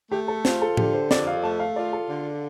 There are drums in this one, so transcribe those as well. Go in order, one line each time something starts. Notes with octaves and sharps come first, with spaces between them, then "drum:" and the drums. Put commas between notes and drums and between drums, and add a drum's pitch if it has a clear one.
A3 G4
A4
F4 C5, drum: snare
A4
D3 G4, drum: tom A2
C5
F2 D5, drum: snare
F5
A3 A5
F5
F4 D5
A4
D3